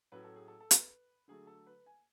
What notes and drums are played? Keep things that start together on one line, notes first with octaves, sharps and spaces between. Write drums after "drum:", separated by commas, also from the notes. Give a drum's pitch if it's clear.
A2 F#3 A3 C#4 B4
A4
G#4
A4
A4
B4, drum: hi-hat
D3 F#3 A3 G#4
A4
B4
G#5